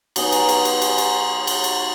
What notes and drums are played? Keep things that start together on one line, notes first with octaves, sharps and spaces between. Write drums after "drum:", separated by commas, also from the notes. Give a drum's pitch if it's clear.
F#3 B3 D#4 G#4, drum: cymbal
drum: cymbal
drum: cymbal
drum: cymbal
drum: cymbal
drum: cymbal
drum: cymbal
drum: cymbal